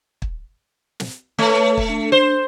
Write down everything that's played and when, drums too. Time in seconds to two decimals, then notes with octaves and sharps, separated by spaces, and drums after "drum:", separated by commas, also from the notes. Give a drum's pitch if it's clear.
0.22 drum: kick
1.00 drum: snare
1.39 A3 B4 C#5 A5
1.77 drum: kick
1.89 D4
2.12 C5